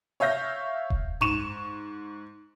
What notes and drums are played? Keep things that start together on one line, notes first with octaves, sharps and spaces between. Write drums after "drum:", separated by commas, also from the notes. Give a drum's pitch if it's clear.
C#5 E5 F5 G6 A#6
drum: kick D#1
G#2 C#6 E7, drum: tom F#2